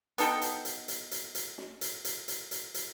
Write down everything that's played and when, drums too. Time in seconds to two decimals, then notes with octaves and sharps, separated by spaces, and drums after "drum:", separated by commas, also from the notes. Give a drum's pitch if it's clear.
0.18 B3 D#4 A4 G5, drum: hi-hat
0.42 drum: hi-hat
0.65 drum: hi-hat
0.88 drum: hi-hat
1.11 drum: hi-hat
1.35 drum: hi-hat
1.58 drum: snare
1.81 drum: hi-hat
2.05 drum: hi-hat
2.28 drum: hi-hat
2.51 drum: hi-hat
2.74 drum: hi-hat